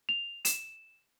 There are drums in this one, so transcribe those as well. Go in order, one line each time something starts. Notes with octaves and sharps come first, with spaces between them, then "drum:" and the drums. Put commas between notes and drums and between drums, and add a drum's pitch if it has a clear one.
F7
E7, drum: hi-hat